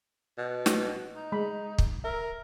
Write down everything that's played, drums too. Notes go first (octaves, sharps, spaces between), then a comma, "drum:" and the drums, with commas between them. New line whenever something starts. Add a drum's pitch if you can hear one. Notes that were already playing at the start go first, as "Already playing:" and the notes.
B2
drum: snare
D#4
G#3 B5
drum: kick
A#4 E5